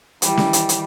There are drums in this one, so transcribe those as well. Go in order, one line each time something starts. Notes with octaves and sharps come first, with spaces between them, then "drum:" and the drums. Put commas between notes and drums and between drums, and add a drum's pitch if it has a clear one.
D#3 E3 G3, drum: hi-hat
drum: snare
drum: hi-hat
drum: hi-hat